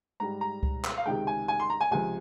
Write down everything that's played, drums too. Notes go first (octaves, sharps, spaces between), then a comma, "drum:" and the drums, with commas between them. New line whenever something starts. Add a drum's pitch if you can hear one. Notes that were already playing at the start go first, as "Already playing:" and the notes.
G#2 G3 A#5
A#5
drum: kick C#2
drum: clap
F5
C#2 C3 D#3 G#3 G5
G#5
G#5
C6
A#5
G#5
C#2 C3 F3 G#5